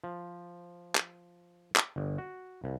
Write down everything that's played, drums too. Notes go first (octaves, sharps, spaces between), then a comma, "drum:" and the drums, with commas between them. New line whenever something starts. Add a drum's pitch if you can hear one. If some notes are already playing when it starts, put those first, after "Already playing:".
F3
drum: clap
drum: clap
G1
F#4
C2